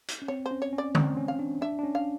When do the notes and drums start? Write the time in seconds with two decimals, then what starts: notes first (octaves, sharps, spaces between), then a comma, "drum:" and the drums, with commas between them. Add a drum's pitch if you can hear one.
0.08 drum: hi-hat
0.22 C#4
0.28 C4 C#5
0.46 C5
0.51 C#4
0.62 C#5
0.73 C#4
0.78 D5
0.95 C4 D5, drum: tom D3
1.17 C#4
1.28 F5
1.39 D4
1.61 D4 E5
1.79 D4
1.83 C#4
1.95 F5